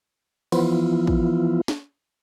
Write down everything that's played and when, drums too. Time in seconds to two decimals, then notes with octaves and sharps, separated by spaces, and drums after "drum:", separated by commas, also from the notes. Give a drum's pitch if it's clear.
0.52 E3 F3 B3 E4 F4, drum: cymbal
1.07 drum: kick
1.68 drum: snare